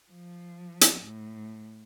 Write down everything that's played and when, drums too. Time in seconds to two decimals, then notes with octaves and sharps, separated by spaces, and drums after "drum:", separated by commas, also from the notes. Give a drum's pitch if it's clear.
0.12 F3
0.81 drum: hi-hat
1.05 A2